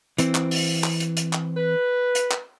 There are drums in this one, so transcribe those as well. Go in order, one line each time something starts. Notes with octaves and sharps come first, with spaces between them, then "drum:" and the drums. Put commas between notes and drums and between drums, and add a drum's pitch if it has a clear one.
E3 C4, drum: hi-hat
drum: clap
drum: open hi-hat
drum: clap
drum: hi-hat
drum: hi-hat
drum: clap
B4
drum: hi-hat
drum: clap